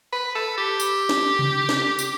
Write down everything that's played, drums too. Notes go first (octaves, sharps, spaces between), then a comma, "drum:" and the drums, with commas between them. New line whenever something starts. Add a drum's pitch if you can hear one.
B4
A4
G4
drum: tambourine
drum: snare
drum: tom C3
drum: snare
drum: tambourine